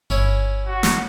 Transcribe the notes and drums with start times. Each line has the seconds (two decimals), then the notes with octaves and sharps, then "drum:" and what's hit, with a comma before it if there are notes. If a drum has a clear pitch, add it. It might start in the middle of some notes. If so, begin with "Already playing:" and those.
0.10 G1 C#4 E4 C#5
0.67 F#4
0.83 drum: snare